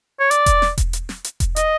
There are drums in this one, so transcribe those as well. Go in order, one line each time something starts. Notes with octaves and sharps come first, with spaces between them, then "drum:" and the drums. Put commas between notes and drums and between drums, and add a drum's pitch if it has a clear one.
C#5
D5, drum: hi-hat
drum: kick E1, hi-hat
drum: snare
drum: kick E1, hi-hat
drum: hi-hat
drum: snare
drum: hi-hat
drum: kick E1, hi-hat
D#5, drum: hi-hat